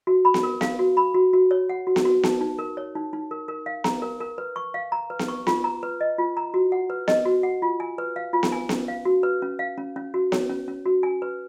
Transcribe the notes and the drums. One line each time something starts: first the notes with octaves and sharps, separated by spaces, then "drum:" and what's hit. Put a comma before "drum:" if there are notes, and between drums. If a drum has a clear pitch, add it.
F#4
B5
drum: snare B3
A#4
F5, drum: snare B3
F#4
B5
F#4
F#4
C#5
F#5
F#4
drum: snare B3
F#4
D#4, drum: snare B3
D#4
A#4
C#5
D#4
D#4
A#4
A#4
F5
A#5, drum: snare B3
A#4
A#4
B4
C#6
F5
A#5
B4
drum: snare B3
C#6
F4, drum: snare B3
A#5
B4
D#5
F4
A#5
F#4
F#5
B4
D#5, drum: snare B3
F#4
F#5
F4
G#5
B4
F5
F4
drum: snare B3
G#5
C#4, drum: snare B3
F5
F#4
B4
C#4
F5
C#4
C#4
F#4
C#5, drum: snare B3
C#4
C#4
F#4
G#5
B4